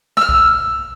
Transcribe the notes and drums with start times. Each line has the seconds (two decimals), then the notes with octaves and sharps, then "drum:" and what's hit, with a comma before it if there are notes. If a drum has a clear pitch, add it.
0.17 E6 F6, drum: snare
0.29 drum: kick B1